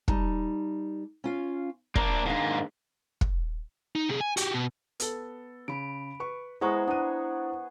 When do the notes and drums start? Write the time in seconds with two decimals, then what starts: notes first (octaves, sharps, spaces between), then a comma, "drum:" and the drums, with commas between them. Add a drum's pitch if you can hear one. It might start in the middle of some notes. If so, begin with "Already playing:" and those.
0.08 G3 D#4 A5, drum: kick
1.24 C#4 F4 F5
1.95 A#3 D4 D5, drum: kick
2.25 G#2 D#3 A#3 D4
3.21 drum: kick
3.95 D#4
4.09 C3 G#4
4.21 G#5
4.37 F#4 G4, drum: hi-hat
4.54 B2
5.00 B3 A4, drum: hi-hat
5.68 C#3 B5 D7
6.20 B4 C#6
6.61 G#3 B3 E4 G#4 C5 A#5 C#6
6.87 B3 D4 D#7